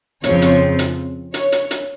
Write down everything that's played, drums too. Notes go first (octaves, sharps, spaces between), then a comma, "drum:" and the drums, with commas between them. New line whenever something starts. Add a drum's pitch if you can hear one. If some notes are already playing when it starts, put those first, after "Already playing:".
F2 C#3 F3 C4 C#5, drum: hi-hat
drum: hi-hat
drum: hi-hat
C#5, drum: hi-hat
drum: hi-hat
drum: hi-hat